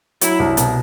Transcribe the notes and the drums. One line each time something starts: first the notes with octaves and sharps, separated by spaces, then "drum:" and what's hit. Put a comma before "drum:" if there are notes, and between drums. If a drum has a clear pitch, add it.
F#3 E4, drum: hi-hat
C2
B2, drum: hi-hat